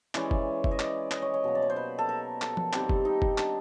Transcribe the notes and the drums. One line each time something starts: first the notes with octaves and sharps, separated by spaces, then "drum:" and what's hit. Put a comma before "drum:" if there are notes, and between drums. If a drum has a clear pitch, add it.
E3 G#3 C#4 D5, drum: clap
drum: kick
E5, drum: kick
D#5
D5, drum: clap
D#5, drum: clap
C#5
C#5
B2 F#3 A#3
D5
C#5
C5
B4
A4
A#4
A4, drum: clap
drum: tom F3
D#3 G3 C4 G4, drum: clap
drum: kick
D#4
drum: kick
D4, drum: clap